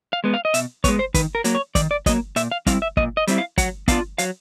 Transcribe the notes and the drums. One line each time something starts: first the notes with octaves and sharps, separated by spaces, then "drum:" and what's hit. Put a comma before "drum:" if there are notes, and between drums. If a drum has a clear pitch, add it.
F5
G#3 B3
F5
D#5
B2 E5, drum: hi-hat
G#3 B3 C#5, drum: kick, hi-hat
C5
D#3 B4, drum: kick, hi-hat
A#4
F#3 A#3, drum: hi-hat
C#5
D#3 D5, drum: kick, hi-hat
D5
F#3 A#3 D#5, drum: kick, hi-hat
A#2 E5, drum: hi-hat
F5
G3 C4 E4 F5, drum: kick, hi-hat
E5
A#2 D#5, drum: kick
D#5
G3 C4 E4, drum: hi-hat
F5
F#3 F#5, drum: kick, hi-hat
B3 D4 F4 F5, drum: kick, hi-hat
F#3 F5, drum: hi-hat